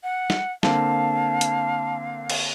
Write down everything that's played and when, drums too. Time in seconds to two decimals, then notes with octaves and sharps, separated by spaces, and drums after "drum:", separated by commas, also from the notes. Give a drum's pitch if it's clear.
0.04 F#5
0.30 drum: snare
0.63 D3 A#3 C4 F5 A5, drum: snare
1.41 drum: hi-hat
2.30 drum: cymbal